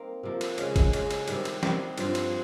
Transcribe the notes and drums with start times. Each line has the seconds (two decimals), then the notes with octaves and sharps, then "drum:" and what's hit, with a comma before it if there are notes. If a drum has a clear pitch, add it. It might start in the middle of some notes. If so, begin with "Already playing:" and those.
Already playing: A#3 C4 D#4
0.23 C3 F3 A#3
0.41 drum: cymbal
0.58 C#3 G#3 C#4, drum: cymbal
0.76 drum: kick G#1, cymbal
0.93 C#3 G#3 C#4, drum: cymbal
1.11 drum: cymbal
1.28 C3 D#3 G3, drum: cymbal
1.45 drum: cymbal
1.63 C3 D#3 G3, drum: snare
1.98 G2 F3 C4 F4, drum: cymbal
2.15 drum: cymbal